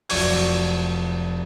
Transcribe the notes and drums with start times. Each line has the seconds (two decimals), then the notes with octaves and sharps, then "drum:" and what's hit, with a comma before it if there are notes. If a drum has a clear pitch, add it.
0.09 F1 F3 F#3 D5 C#6 G#6, drum: open hi-hat